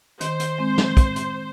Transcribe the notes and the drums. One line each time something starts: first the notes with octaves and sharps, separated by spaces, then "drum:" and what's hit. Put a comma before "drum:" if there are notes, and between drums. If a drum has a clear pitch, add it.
D#3 C5, drum: hi-hat
drum: hi-hat
G#3 C4
drum: snare
drum: kick, hi-hat
drum: hi-hat